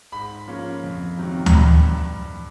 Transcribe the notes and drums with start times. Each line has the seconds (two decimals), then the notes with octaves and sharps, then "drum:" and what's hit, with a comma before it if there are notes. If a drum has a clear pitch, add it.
0.12 G#2 B5
0.48 F3 A#3 C#4
0.84 F2
1.18 C3 D#3 F#3 A#3
1.46 A#5, drum: tom D2
1.54 G2 B5